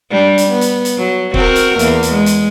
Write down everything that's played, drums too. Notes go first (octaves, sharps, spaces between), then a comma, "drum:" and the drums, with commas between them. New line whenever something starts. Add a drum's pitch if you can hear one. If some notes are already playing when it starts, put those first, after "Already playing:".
G3 D4
drum: hi-hat
B3
drum: hi-hat
drum: hi-hat
F#3
C4 F#4 A#4, drum: kick
drum: hi-hat
E2 A#3, drum: hi-hat
drum: hi-hat
G#3
drum: hi-hat